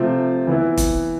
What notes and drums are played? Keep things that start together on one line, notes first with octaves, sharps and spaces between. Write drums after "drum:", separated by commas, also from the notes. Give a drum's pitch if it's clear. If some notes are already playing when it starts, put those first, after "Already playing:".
Already playing: C3 F3 A3 C4 F4
E3 B3 E4
drum: kick, hi-hat